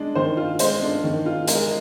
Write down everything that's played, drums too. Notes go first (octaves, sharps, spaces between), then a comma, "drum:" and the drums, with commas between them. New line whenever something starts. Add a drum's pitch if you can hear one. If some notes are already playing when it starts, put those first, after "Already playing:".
Already playing: G#3 D4
D#3 C5
F4
G#3 C5, drum: hi-hat
D4
D#3
F4
G#3 A#4, drum: hi-hat